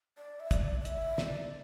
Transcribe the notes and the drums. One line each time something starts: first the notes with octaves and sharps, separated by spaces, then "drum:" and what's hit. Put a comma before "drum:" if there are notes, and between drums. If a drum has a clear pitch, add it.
D5
E5
D5, drum: kick, hi-hat
D5
E5, drum: hi-hat
D5, drum: snare